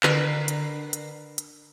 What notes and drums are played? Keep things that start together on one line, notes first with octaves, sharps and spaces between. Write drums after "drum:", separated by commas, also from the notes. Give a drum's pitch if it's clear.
D3 A#4 B4, drum: clap
drum: hi-hat
drum: hi-hat
drum: hi-hat